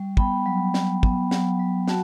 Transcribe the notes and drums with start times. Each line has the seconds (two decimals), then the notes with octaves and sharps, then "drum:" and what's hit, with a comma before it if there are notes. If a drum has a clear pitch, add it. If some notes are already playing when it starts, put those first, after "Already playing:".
Already playing: G3
0.17 B3 G5 B5, drum: kick
0.46 F#3
0.74 F#3, drum: snare
1.03 B3, drum: kick
1.31 F#3, drum: snare
1.60 F#3
1.88 F#4 F#5 A5, drum: snare